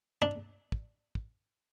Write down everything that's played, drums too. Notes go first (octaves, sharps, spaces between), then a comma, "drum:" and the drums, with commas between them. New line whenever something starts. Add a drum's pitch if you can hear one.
D4
drum: kick
drum: kick